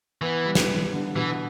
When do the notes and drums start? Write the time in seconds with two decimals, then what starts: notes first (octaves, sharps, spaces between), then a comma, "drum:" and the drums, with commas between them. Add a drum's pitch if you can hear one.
0.22 E3 B3
0.46 G3
0.55 drum: snare
0.69 G3
0.93 D3
1.16 B2 E3